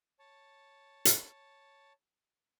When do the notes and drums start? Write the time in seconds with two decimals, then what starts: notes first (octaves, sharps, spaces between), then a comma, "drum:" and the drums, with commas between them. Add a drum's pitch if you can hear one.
0.19 C#5 A5
1.05 drum: hi-hat